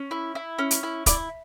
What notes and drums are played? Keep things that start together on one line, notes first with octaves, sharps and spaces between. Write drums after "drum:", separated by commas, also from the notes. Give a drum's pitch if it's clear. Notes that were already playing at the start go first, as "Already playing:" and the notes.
Already playing: C#4
E4
E4
C#4
drum: hi-hat
E4
E4 D5, drum: kick, hi-hat